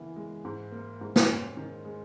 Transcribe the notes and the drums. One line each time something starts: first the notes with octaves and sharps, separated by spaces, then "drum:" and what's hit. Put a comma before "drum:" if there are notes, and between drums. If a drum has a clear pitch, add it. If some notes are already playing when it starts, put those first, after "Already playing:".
Already playing: C#3 E3 A#3 B3
G#3
G#2
A#3
G#2
drum: snare
C#4
D#3
G#3